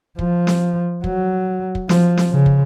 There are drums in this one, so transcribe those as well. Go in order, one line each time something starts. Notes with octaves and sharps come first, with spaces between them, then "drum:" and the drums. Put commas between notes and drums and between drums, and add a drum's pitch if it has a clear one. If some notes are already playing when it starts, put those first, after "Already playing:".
F3, drum: kick
drum: snare
F#3, drum: kick
drum: kick
F3, drum: snare
drum: snare
C#3
drum: kick